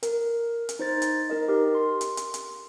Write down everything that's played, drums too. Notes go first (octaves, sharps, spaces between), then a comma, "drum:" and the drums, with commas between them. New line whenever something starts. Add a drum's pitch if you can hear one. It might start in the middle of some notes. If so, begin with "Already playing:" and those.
A#4, drum: hi-hat
drum: hi-hat
D#4 C5 A6
drum: hi-hat
D#4 A#4 D#5
G4 A#4
C6
drum: hi-hat
drum: hi-hat
drum: hi-hat